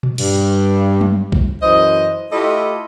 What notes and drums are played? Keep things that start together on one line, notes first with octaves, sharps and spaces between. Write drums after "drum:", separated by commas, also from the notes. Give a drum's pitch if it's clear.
drum: tom A#2
G2, drum: cymbal
drum: tom F#3
drum: kick B1
F#2 E3 C5 D#5
A3 E4 F4 G4 A4 D#5